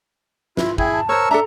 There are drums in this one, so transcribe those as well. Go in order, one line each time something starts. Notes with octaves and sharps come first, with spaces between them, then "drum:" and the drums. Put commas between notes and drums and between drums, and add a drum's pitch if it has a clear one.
E4 F4, drum: snare
E4 G#4 G5, drum: kick
A5
A#4 C5 C#5 C#6 E6
D4 A4 E5 A#5